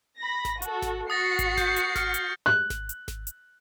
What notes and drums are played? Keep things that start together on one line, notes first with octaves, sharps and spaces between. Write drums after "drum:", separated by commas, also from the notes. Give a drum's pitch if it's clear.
B5 A#6
drum: snare G#1
F#4 A4, drum: hi-hat
drum: snare G#1
F#4 D#6 A6 A#6 C7 C#7
drum: kick G#1, hi-hat
G6, drum: snare G#1
drum: hi-hat
F6, drum: snare G#1
drum: hi-hat
F#6
drum: snare G#1
drum: hi-hat
drum: snare G#1
drum: hi-hat